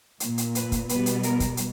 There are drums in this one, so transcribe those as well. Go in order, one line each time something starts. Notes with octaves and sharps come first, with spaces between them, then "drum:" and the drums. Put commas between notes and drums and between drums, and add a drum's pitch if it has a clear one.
A#2 A#3, drum: hi-hat
drum: hi-hat
B4, drum: hi-hat
drum: kick, hi-hat
B2 G3 B3 B4, drum: hi-hat
drum: hi-hat
A#4, drum: hi-hat
drum: kick, hi-hat
drum: hi-hat